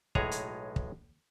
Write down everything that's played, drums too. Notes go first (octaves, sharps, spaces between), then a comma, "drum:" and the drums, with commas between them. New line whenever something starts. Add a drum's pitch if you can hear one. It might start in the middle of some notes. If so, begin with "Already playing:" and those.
B1 A2 G#3 G#4 C#5 A#5, drum: kick
drum: hi-hat
drum: kick